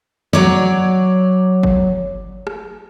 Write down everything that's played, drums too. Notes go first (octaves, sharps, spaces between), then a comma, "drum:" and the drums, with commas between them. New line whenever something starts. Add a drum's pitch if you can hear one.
F#3 C#5 D5, drum: snare
drum: kick
drum: rim click